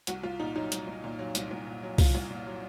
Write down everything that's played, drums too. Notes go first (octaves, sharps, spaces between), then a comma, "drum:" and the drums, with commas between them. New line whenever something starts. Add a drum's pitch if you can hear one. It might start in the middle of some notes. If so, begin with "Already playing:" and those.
C2 F#4, drum: hi-hat
C2 F4
A#2 D#4
F#3 D#4
C2, drum: hi-hat
C2
A#2
F#3
C2, drum: hi-hat
C2
A#2
F#3
C2 F4, drum: kick C2, open hi-hat
C2
A#2
F#3